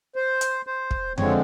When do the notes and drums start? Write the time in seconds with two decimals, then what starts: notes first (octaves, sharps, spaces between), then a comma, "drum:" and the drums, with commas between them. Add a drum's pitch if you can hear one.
0.16 C5
0.41 drum: hi-hat
0.67 C5
0.91 drum: kick
1.18 D3 F3 G#3 C4 C#5, drum: tom F2